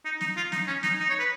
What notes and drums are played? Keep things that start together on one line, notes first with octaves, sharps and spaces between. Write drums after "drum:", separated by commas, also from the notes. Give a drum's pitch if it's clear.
D#4
D#4, drum: snare
F4
D#4, drum: snare
C#4
D#4, drum: snare
D#4
C#5
B4